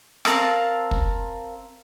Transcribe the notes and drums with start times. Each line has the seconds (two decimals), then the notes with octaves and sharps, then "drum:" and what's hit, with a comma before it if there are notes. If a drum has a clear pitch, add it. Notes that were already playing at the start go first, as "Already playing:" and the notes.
0.25 C4 A#4 F5 A5, drum: rim click
0.91 drum: kick